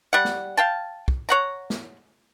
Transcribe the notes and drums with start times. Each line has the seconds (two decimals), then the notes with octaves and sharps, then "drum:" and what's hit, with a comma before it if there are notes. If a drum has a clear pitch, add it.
0.13 G3 F#5
0.25 drum: snare
0.57 F5 G5 A5
1.08 drum: kick
1.29 C#5 F#5 A#5
1.70 drum: snare